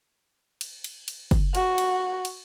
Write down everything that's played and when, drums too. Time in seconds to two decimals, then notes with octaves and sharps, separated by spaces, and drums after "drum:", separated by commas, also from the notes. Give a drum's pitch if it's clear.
0.61 drum: cymbal
0.84 drum: cymbal
1.08 drum: cymbal
1.31 drum: kick, cymbal
1.55 F#4, drum: cymbal
1.78 drum: cymbal
2.25 drum: cymbal